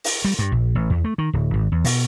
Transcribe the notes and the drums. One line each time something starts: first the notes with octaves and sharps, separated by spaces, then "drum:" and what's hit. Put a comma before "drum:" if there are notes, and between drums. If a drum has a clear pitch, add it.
drum: open hi-hat
G3
G2
A#1
A1
E2
A3
D#3
D1
G#1
E2
B2, drum: open hi-hat